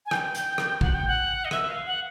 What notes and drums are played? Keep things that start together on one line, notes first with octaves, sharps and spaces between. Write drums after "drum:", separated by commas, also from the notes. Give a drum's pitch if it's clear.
G#5
G5, drum: rim click
drum: hi-hat
drum: rim click
F#5, drum: kick
G5
F#5
D#5
E5, drum: rim click
F5
F#5